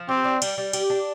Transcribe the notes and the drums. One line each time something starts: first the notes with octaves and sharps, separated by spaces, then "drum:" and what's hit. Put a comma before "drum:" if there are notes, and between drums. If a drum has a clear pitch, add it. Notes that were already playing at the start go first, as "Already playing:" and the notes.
Already playing: F3
C4 G4
D4
G3, drum: cymbal
G3
G4, drum: cymbal
D4